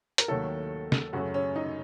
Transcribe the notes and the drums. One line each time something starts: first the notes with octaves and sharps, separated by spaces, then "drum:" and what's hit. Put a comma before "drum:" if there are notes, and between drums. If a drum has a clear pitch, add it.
A#4, drum: hi-hat
D#2 D#3 F#3 A3 A4
drum: snare
F#2 C#3 F#3 A3 F#4
C#4
D#4